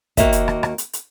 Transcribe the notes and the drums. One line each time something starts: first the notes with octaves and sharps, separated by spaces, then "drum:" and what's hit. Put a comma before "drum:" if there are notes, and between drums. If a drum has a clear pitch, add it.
D#2 A#3 F#4 D#5 E5, drum: kick, hi-hat
drum: hi-hat
drum: rim click
drum: rim click
drum: hi-hat
drum: hi-hat